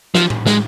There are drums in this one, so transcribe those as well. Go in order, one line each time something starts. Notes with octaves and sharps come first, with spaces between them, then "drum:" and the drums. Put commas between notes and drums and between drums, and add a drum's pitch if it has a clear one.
F3, drum: snare
drum: tom A2
G#3, drum: snare